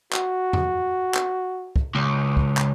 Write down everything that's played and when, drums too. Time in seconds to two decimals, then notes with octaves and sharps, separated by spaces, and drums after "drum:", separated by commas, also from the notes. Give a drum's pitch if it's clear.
0.13 F#4, drum: clap
0.53 drum: tom E2
1.14 drum: clap
1.76 drum: kick
1.95 C#2
2.37 drum: kick
2.57 drum: clap